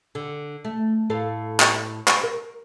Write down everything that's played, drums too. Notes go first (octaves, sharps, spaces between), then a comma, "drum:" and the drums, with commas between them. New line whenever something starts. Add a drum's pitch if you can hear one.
D3
A3
A2 A4 F5
drum: clap
drum: clap
A#4